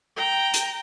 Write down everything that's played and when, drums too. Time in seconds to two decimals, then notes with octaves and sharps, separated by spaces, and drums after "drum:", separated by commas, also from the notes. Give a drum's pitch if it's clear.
0.17 G5 A#5
0.54 drum: hi-hat